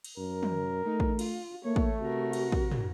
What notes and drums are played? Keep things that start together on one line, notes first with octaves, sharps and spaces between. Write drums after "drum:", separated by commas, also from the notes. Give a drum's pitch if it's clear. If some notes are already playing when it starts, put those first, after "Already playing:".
drum: cymbal
F#2 A#4
drum: tom
A3 D#4
drum: kick
F4, drum: cymbal
A3 A#3 C#5
drum: kick
C3 F#4 A#4
drum: cymbal
drum: kick
drum: tom